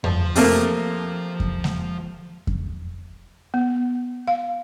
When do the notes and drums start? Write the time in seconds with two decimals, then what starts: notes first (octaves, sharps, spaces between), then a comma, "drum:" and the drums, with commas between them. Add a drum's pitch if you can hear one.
0.04 F3 A5, drum: tom F2
0.35 C3 A3 A#3, drum: open hi-hat
1.40 drum: kick F2
1.64 drum: snare G#3
2.47 drum: kick F2
3.54 B3
4.28 F5